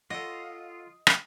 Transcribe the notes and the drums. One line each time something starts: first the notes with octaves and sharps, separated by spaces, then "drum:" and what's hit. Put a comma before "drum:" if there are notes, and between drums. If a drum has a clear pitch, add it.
F4 A4 C#5 D#5 F#5
drum: rim click